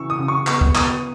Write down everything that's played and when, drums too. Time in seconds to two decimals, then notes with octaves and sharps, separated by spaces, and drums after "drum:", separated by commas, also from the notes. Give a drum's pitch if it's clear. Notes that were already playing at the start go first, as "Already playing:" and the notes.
Already playing: C#3 E3 C#6 E6
0.10 D#6
0.18 C#3
0.28 C#6
0.47 B3 C#6, drum: clap
0.61 drum: kick
0.75 B3 D#6, drum: clap